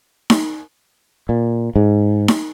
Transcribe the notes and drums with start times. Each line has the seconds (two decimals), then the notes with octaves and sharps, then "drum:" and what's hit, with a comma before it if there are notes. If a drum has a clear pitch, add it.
0.30 drum: snare D#4
1.29 A#2
1.76 G#2
2.28 drum: snare D#4